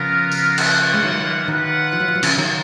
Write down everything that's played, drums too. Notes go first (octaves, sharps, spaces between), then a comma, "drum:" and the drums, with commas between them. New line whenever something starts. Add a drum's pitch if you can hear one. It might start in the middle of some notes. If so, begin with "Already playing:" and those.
Already playing: C#3 F3 B3 F4 A#4
drum: tambourine
A#3 F4 B4 F#5, drum: cymbal
G#3
D#3 F#3
D#3 F4 B4 F#5
F3
F#3
F3
F#3
C#3 F3, drum: cymbal
D#3 F#3